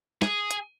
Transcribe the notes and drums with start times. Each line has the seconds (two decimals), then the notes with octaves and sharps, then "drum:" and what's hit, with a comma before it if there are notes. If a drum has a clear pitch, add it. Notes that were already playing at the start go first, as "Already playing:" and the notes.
0.22 G#4, drum: snare
0.51 drum: hi-hat